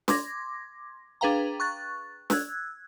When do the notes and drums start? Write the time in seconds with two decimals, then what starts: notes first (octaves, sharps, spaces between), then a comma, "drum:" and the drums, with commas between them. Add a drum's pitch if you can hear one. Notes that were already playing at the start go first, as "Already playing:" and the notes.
0.08 C6 D6 G#6 A#6, drum: snare
1.21 D4 G#4 B4 F5 G5 A#5
1.60 C#6 F#6 A6
2.30 E6 F#6 G#6, drum: snare